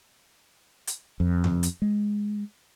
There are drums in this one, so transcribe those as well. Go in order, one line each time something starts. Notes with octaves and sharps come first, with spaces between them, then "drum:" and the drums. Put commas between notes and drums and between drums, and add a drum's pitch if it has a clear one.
drum: hi-hat
F2
drum: tom F2
drum: hi-hat
G#3